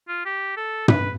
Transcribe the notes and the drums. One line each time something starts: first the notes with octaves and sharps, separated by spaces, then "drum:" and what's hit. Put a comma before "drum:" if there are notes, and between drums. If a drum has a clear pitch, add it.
F4
G4
A4
B4, drum: tom